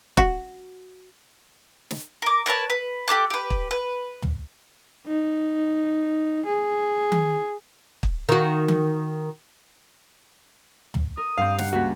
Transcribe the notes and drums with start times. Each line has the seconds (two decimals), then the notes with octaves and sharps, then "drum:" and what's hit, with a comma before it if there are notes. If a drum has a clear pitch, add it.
0.17 F#4, drum: kick
1.91 drum: snare
2.22 A#4 D6
2.46 A#4 B4 C#5 A5
2.70 B4
3.08 G4 A4 D6 F#6
3.30 G4 B4
3.50 drum: kick
3.71 B4
4.22 drum: tom
5.07 D#4
6.46 G#4
7.12 drum: tom D#3
8.03 drum: kick
8.29 D#3 F#4
8.68 drum: tom D#3
10.94 drum: tom
11.17 A#4 D#6
11.38 G2 C4 F5
11.59 F#5, drum: snare
11.73 C#2 A#3 F#4 B6